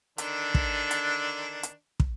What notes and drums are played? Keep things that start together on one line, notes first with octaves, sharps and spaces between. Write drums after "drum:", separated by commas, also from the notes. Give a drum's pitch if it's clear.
D3 D#3 D4, drum: hi-hat
drum: kick
drum: hi-hat
drum: hi-hat
drum: kick